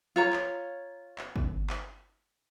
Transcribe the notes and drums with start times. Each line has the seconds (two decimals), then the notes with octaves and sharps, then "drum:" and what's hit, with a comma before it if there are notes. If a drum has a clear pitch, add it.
0.16 F4 C#5 A#5
0.33 drum: clap
1.18 drum: clap
1.36 drum: kick
1.70 drum: clap